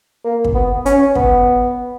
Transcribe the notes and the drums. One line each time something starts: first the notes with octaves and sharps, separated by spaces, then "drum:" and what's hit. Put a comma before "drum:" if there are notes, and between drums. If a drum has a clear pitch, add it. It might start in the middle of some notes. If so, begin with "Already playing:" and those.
A#3
drum: kick
B3
C#4, drum: hi-hat
B3, drum: kick